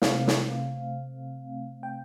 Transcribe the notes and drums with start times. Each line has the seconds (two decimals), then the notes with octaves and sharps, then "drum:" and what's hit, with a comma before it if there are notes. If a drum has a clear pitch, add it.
0.02 C3 A3 C4 F5, drum: snare
0.27 drum: snare
1.83 G5